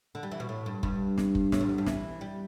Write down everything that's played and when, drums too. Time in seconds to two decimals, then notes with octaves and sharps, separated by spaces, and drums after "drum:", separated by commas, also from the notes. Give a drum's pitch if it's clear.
0.15 D3
0.23 G3
0.31 E3
0.40 B2
0.49 A2
0.66 G2
0.83 G2, drum: kick F#1
1.18 drum: snare
1.35 drum: kick F#1
1.52 A2, drum: snare
1.61 G2
1.69 E2
1.78 G2
1.86 E3, drum: snare
2.21 G3